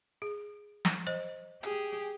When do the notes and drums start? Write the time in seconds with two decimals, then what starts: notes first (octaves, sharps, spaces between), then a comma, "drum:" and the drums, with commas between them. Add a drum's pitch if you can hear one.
0.22 G#4
0.85 drum: snare
1.07 C5 D#5
1.63 G4 G#4, drum: hi-hat